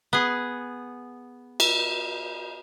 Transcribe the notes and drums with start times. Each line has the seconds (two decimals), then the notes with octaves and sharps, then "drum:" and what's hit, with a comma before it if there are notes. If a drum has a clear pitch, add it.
0.13 B3 G#4
1.60 drum: cymbal